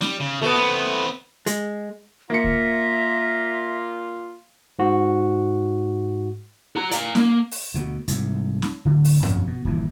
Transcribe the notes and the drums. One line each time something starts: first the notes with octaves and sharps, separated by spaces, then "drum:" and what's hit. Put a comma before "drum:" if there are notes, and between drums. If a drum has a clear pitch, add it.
G3, drum: snare C#4
C#3
B2 A3 B3
C4 B4
G#3, drum: hi-hat
A#2 A#3 F4 E5 A#5 C#7
drum: kick C#2
G#2 F#4
F#4 A#5
D5 F5, drum: hi-hat
A#3, drum: snare C#4
drum: open hi-hat
D2 B2
C2 G#2 C3, drum: hi-hat
drum: snare C#4
D1 D3
drum: open hi-hat
B1 F2 C#4, drum: tom G2
B2
D#1 G2 E3, drum: kick C#2